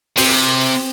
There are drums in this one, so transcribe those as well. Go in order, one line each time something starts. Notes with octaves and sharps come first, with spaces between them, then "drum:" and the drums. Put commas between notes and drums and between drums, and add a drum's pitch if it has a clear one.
C3 C4, drum: open hi-hat